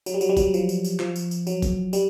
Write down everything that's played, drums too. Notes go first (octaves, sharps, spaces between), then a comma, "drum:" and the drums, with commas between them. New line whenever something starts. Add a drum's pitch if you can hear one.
F#3, drum: tambourine
G3
F#3, drum: tambourine
G3
F#3, drum: kick F1, tambourine
F3, drum: tambourine
drum: tambourine
drum: tambourine
F3, drum: clap
drum: tambourine
drum: tambourine
F#3, drum: tambourine
drum: kick F1, tambourine
G3, drum: tambourine